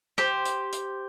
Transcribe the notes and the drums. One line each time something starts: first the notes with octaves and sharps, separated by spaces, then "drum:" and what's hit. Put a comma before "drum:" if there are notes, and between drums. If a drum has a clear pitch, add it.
G4 C5, drum: rim click
drum: hi-hat
drum: hi-hat